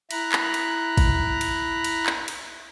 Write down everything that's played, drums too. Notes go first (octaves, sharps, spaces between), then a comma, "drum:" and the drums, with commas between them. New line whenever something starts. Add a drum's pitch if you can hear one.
E4 A#5 B5 F#6, drum: cymbal
drum: clap
drum: cymbal
drum: kick, cymbal
drum: cymbal
drum: cymbal
drum: clap
drum: cymbal